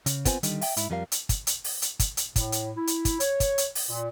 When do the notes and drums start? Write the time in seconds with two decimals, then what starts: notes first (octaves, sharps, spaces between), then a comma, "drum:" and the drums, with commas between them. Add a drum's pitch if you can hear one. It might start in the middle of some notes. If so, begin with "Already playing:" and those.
0.06 C#3, drum: hi-hat
0.25 B3 C4 F4 C5 G#5, drum: kick, hi-hat
0.43 D3 D#3 G3 D#4, drum: hi-hat
0.61 E5 G5, drum: open hi-hat
0.77 G#2 E4, drum: hi-hat
0.90 F2 F3 G3 A#4 F5
1.12 drum: hi-hat
1.29 drum: kick, hi-hat
1.47 drum: hi-hat
1.64 drum: open hi-hat
1.82 drum: hi-hat
2.00 drum: kick, hi-hat
2.17 drum: hi-hat
2.36 A2, drum: kick, hi-hat
2.52 drum: hi-hat
2.77 E4
2.87 drum: hi-hat
3.05 drum: kick, hi-hat
3.20 C#5, drum: hi-hat
3.40 drum: kick, hi-hat
3.58 drum: hi-hat
3.75 drum: open hi-hat
3.89 A#2